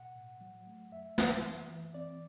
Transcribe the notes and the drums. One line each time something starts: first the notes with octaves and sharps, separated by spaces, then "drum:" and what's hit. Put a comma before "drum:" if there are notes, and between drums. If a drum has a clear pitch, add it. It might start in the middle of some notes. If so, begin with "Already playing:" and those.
Already playing: B2 F#5
A2
F#3
A3
F#2 E5
E3, drum: snare
F#2
E3
C4 D5